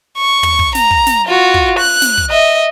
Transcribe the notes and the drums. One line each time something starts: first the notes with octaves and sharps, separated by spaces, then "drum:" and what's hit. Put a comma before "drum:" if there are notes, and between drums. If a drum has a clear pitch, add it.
C#6
drum: tom
drum: kick
A#5, drum: snare
drum: kick
drum: snare
F4 F#4
drum: kick
F#6
drum: snare
drum: kick
D#5 E5